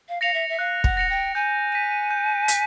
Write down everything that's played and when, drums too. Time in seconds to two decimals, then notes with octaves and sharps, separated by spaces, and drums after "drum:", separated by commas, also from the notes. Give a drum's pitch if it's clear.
0.09 F5
0.21 F5 A#6 C#7 F7
0.34 E5
0.49 E5
0.59 F5 F#6
0.84 F#5, drum: kick
0.97 A#6 C#7 F7
1.10 G5
1.35 G#5 G6
1.72 B6 D#7
2.11 G6
2.48 B6, drum: hi-hat